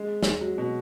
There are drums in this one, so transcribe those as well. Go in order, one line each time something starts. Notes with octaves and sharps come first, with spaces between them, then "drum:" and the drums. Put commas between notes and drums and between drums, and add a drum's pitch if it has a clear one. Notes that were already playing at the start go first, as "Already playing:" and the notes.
Already playing: G#3
drum: snare
F#3
B2